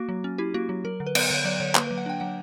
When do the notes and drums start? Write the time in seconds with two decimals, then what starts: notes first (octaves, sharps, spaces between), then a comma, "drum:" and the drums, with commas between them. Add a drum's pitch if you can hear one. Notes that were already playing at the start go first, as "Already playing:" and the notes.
Already playing: A#3 F#4
0.09 F#3
0.24 C#4
0.38 E4 G4
0.54 A#3 F#4
0.69 F#3
0.84 F#3 A#4
1.00 D3
1.07 B4
1.15 B3, drum: cymbal
1.30 D3 C#5
1.44 F#3 D5
1.60 D3 C#5
1.75 A#3 B4, drum: clap
1.87 F#3 B4
1.98 F#5
2.06 D4 G5
2.20 F#3 F#5